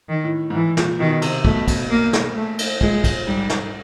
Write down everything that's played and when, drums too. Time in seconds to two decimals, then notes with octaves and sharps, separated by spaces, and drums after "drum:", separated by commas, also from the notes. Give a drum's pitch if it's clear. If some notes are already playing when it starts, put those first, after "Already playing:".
0.09 D#3
0.24 A2
0.50 G#2
0.54 A2 E3
0.77 A#2, drum: snare
1.00 B2 D#3
1.22 C3, drum: cymbal
1.45 B2 A3, drum: kick
1.68 drum: kick, cymbal
1.90 A#3
2.13 drum: snare
2.36 A3
2.59 drum: cymbal
2.81 A#2 G#3, drum: kick
3.04 drum: kick, cymbal
3.27 G#2 G3
3.50 drum: snare